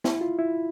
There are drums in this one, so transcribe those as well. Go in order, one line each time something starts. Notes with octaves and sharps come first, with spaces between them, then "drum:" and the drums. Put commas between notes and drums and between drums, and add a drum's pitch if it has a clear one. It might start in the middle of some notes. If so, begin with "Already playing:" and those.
E4, drum: snare
F4
E4